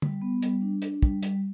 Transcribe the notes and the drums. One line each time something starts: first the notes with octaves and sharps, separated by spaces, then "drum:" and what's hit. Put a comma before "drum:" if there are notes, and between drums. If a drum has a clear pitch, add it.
G3, drum: tom
B3
G3, drum: hi-hat
D4
D4, drum: hi-hat
G3, drum: kick
G3, drum: hi-hat